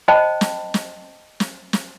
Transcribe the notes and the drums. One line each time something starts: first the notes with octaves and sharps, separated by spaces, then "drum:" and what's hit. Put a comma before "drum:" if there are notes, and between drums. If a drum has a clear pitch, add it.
C5 D#5 G5 A5 B5
drum: snare
drum: snare
drum: snare
drum: snare